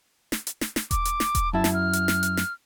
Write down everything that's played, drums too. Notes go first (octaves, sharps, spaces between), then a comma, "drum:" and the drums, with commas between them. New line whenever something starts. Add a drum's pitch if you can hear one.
drum: snare
drum: hi-hat
drum: snare
drum: snare
D6, drum: kick E1, hi-hat
drum: hi-hat
drum: snare
drum: kick E1, hi-hat
F#2 E4 A5
drum: snare
F6
drum: hi-hat
drum: snare
drum: hi-hat
drum: snare